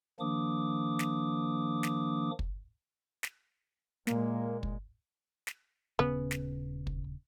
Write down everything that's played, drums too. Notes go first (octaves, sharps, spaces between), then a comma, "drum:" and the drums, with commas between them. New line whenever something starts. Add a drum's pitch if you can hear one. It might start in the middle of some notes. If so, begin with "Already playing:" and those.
D#3 F3 A#3 D4 D6 D#6
drum: snare
drum: snare
drum: kick
drum: snare
A#2 G#3 A#3, drum: snare
drum: kick
drum: snare
D#1 C#3 B3 C#4
drum: snare
drum: kick